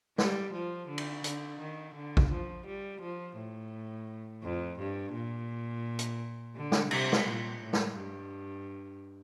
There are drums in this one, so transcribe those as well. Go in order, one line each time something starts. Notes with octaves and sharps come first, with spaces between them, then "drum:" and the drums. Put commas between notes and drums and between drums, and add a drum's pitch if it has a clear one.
G3, drum: snare
F3
D3
drum: cymbal
D3, drum: hi-hat
D#3
D3
drum: kick A1
F3
G3
F3
A2
F2
G2
A#2
drum: hi-hat
D3
drum: snare
C3, drum: cymbal
drum: snare
A#2
A2
drum: snare
G2